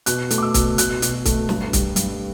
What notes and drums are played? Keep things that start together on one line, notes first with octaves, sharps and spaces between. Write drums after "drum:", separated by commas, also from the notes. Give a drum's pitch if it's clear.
B2 F#6, drum: hi-hat
A3, drum: hi-hat
D6
E6
B2, drum: kick, hi-hat
B2 F#6, drum: hi-hat
B2, drum: hi-hat
A3, drum: kick, hi-hat
G2, drum: snare
G3, drum: kick, hi-hat
G2, drum: hi-hat